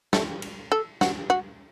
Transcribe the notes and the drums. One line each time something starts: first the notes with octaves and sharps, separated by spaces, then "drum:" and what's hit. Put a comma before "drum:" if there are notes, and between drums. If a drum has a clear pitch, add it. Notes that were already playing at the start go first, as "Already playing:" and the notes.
A3, drum: snare
drum: cymbal
A4
F#4, drum: snare
F#4